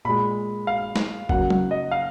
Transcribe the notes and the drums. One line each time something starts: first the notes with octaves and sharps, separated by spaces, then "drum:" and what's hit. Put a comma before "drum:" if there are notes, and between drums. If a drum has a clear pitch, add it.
A#2 G#3 B5
F5
drum: snare
C#3 F#3 A#3 F#5, drum: kick G1
drum: tom F#3
D#5
F5